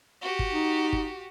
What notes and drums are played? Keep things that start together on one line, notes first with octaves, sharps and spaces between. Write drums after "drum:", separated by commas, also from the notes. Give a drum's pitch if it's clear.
F#4 G4
drum: kick G1
D#4
drum: kick G1